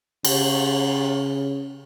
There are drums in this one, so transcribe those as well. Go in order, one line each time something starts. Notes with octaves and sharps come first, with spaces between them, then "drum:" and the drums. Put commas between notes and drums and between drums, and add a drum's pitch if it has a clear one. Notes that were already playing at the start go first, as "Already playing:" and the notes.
C#3, drum: cymbal